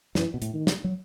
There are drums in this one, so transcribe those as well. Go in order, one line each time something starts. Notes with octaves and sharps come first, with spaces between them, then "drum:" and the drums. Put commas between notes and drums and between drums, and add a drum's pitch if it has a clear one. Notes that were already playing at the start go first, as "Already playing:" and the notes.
F#2 E3, drum: snare
B2
A2, drum: hi-hat
D#3
drum: snare
F#3